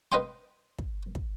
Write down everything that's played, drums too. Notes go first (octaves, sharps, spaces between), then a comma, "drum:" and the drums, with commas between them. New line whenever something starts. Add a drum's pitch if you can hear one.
B4 D#5 F5 G5 C6
drum: kick
drum: kick